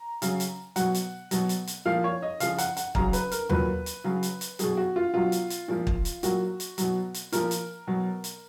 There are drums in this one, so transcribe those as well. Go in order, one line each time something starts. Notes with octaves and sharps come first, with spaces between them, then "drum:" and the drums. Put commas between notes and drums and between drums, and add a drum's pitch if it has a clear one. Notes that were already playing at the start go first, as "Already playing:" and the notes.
Already playing: A#5
C#3 F#3, drum: hi-hat
drum: hi-hat
B2 F#3 F#5, drum: hi-hat
drum: hi-hat
B2 F#3, drum: hi-hat
drum: hi-hat
drum: hi-hat
A#2 F3 F5
C#5
D#5
C#3 F3 F5, drum: hi-hat
F#5, drum: hi-hat
F#5, drum: hi-hat
C#3 F#3 A#5, drum: kick
B4, drum: hi-hat
A#4, drum: hi-hat
A#2 F#3 B4, drum: tom D#2
drum: hi-hat
C#3 F#3
drum: hi-hat
drum: hi-hat
B2 F#3 G#4, drum: hi-hat
F#4
F4
B2 F#3 F4
drum: hi-hat
drum: hi-hat
A#2 F3
drum: kick
drum: hi-hat
A#2 F#3 F#4, drum: hi-hat
drum: hi-hat
B2 F#3, drum: hi-hat
drum: hi-hat
A#2 F3 A#4, drum: hi-hat
drum: hi-hat
B2 F#3
drum: hi-hat